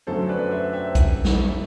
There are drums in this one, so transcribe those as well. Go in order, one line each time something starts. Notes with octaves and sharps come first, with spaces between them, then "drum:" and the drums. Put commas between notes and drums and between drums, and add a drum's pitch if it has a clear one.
F#2 D3 F#3 A3 A4 C5
B4 D5
C5 E5
E5 G5
drum: kick A#1, hi-hat
drum: snare